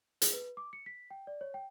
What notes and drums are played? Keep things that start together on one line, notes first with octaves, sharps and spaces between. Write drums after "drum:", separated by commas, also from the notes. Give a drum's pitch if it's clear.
G#4, drum: hi-hat
B4
D6
C#7
B6
G5
D5
C#5
G5